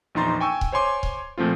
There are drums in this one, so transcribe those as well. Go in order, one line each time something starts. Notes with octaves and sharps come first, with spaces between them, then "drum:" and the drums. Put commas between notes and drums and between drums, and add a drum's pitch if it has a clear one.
A#1 E2 D#4 A#5 C6 A6
G5 G#5 C#6 E6
drum: kick C#1
C5 C#5 G#5 C6 D6
drum: kick C#1
A#2 F3 A3 C4 F4